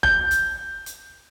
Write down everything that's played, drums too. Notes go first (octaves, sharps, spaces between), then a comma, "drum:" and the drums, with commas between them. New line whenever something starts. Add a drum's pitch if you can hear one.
G6, drum: kick G1
drum: hi-hat
drum: hi-hat